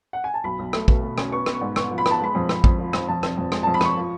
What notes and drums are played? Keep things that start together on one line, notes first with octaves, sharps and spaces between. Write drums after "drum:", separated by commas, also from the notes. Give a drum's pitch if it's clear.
F#5
G#5
A5
B1 B5
B1
A3, drum: rim click
B2, drum: kick
B2
C#4, drum: rim click
B3 C#6
B3, drum: rim click
C#6
G#2
B3 C#6, drum: rim click
F3
B5
B3 A5, drum: rim click
G#3 B5
F2
F2, drum: rim click
F2, drum: kick
F3
F2, drum: rim click
F2 A5
F1, drum: rim click
F2
G#3, drum: rim click
F2 A5
B5
F2 C#6, drum: rim click
F3